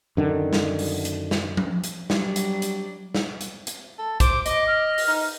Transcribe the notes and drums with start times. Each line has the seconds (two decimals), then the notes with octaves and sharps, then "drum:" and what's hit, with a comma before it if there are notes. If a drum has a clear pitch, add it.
0.17 F#2 D3 D#3
0.53 drum: snare
0.79 drum: open hi-hat
1.05 drum: hi-hat
1.31 drum: snare
1.57 drum: tom F3
1.84 drum: hi-hat
2.10 F#3 G3 D4, drum: snare
2.36 drum: hi-hat
2.62 drum: hi-hat
3.15 drum: snare
3.41 drum: hi-hat
3.67 drum: hi-hat
3.99 A4
4.20 C5 D6, drum: kick, hi-hat
4.46 D#5 D6, drum: hi-hat
4.67 F6
4.98 drum: open hi-hat
5.08 D#4